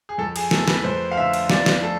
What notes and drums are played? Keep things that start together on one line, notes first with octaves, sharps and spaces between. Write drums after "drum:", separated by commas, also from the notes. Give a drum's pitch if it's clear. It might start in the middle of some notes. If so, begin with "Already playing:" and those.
G#4
F2 A4
G#4, drum: cymbal
A3 A4, drum: snare
B4, drum: snare
F2 C5
F5
D3 E5
drum: cymbal
F2 D5, drum: snare
drum: snare
A3 A4